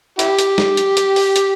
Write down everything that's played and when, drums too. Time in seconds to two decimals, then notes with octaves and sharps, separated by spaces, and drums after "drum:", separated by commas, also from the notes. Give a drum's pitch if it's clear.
0.19 E4 G4, drum: hi-hat
0.39 drum: hi-hat
0.58 drum: snare
0.77 drum: hi-hat
0.97 drum: hi-hat
1.16 drum: open hi-hat
1.36 drum: hi-hat